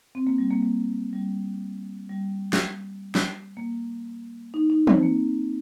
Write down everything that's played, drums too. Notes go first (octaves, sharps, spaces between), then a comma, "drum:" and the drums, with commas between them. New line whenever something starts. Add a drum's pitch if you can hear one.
C4
A#3
G3
A#3
A#3
G3
G3
drum: snare
drum: snare
A#3
D#4
D#4
C4, drum: tom
A#3